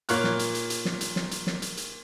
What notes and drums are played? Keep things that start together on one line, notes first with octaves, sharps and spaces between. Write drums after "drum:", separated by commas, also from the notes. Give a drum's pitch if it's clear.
A#2 A#3 C#5 F6 F#6, drum: hi-hat
drum: snare
drum: hi-hat
drum: hi-hat
drum: hi-hat
drum: snare
drum: hi-hat
drum: snare
drum: hi-hat
drum: snare
drum: hi-hat
drum: hi-hat